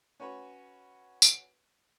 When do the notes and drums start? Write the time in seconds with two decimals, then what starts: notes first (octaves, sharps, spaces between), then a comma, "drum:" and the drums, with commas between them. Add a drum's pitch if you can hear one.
0.20 C#4 F#4 B4 C#5
1.22 drum: tambourine